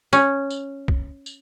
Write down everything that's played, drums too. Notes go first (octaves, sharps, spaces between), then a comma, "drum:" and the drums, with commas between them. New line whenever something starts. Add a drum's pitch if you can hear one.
C#4, drum: tambourine
drum: tambourine
drum: kick
drum: tambourine